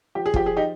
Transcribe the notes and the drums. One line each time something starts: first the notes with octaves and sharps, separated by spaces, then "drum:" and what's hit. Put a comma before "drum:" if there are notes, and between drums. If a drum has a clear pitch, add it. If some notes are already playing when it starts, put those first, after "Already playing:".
F3 G4
G#4
F3 G4, drum: kick
G#4
D#4 G4